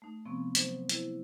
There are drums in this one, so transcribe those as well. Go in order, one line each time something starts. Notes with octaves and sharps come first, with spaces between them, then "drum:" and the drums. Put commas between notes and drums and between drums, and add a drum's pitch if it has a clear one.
A3 D#4
C3 F3 B3 C4 C#6
F#3 D#4 C5, drum: hi-hat
E4 C5, drum: hi-hat